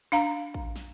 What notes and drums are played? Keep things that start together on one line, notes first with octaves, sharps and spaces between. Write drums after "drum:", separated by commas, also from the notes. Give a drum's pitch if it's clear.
D4 F5 A#5
drum: kick A1
drum: snare